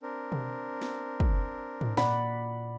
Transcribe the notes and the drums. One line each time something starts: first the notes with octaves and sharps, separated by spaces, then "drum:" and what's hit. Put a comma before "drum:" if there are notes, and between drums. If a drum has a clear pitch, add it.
C4 D4 A#4
drum: tom B2
drum: snare
drum: kick
drum: tom G#2
A#2 D5 F#5 B5, drum: snare